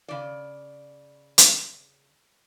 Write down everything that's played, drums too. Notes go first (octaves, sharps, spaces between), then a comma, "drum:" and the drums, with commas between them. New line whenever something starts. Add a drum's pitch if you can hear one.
C#3 D5
drum: hi-hat